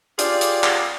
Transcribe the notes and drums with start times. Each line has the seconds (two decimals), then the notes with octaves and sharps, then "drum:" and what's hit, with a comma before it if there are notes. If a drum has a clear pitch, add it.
0.19 F4 G4 G#4 D5, drum: hi-hat
0.41 drum: hi-hat
0.64 drum: clap